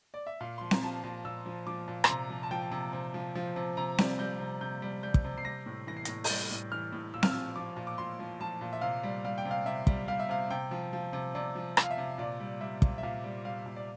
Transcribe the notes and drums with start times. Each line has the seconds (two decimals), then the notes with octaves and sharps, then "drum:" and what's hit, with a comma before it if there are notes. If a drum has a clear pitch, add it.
0.14 D5
0.27 E5
0.41 A#2 F5
0.58 F3 C6
0.71 A#5, drum: snare C4
0.83 F3 A5
1.04 A#2
1.24 A#2 E6
1.46 F3
1.67 F3 D6
1.88 A#2
2.04 C6, drum: rim click
2.09 C3 A#5
2.30 F3
2.43 A5
2.51 F3 G5
2.72 C3
2.93 C3
3.14 F3
3.35 F3
3.56 C3
3.77 C3 A#5
3.98 G3, drum: snare C4
4.19 G3 G6
4.40 C3
4.61 C3 G6
4.82 G3
5.03 G3 G6
5.14 drum: kick
5.25 C3
5.38 C7
5.45 G3 A#6
5.66 A2
5.87 E3 A#6
5.97 C7
6.05 A#6, drum: hi-hat
6.08 A2
6.24 G6, drum: open hi-hat
6.29 G3 A6
6.51 A2
6.72 E3 F6
6.93 A2
7.14 A#2 E6
7.23 F6, drum: snare C4
7.31 E6
7.35 F3
7.56 F3 D6
7.77 A#2
7.87 D6
7.98 A#2 C6
8.19 F3
8.40 F3 A5
8.61 A#2
8.73 E5
8.81 C3 F5
9.03 G3
9.24 G3 F5
9.38 G5
9.45 C3
9.51 F5
9.66 C3 E5
9.87 G3, drum: kick
10.08 G3 F5
10.19 E5
10.29 C3 F5
10.50 C3 G5
10.71 F3
10.93 F3
11.13 C3
11.35 C3 D5
11.56 F3
11.77 F3, drum: rim click
11.83 F5
11.91 E5
11.98 C3
12.18 A#2 D5
12.40 G3
12.60 G3 E5
12.82 A#2, drum: kick
12.98 E5
13.03 A#2 F5
13.24 G3
13.44 G3 F5
13.66 A#2
13.76 D5